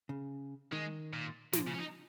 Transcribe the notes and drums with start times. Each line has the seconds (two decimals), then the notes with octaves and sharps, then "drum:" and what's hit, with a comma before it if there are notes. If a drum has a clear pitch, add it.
0.09 C#3
0.72 D#3 G#3
1.13 A#2
1.53 A#2 F3, drum: snare
1.67 C#3
1.74 C#4
1.80 D#4